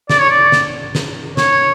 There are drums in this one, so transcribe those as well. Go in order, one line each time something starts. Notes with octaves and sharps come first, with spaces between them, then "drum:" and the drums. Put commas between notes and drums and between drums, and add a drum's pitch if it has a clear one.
D5, drum: snare
C#5
D5
drum: snare
drum: snare
C#5, drum: snare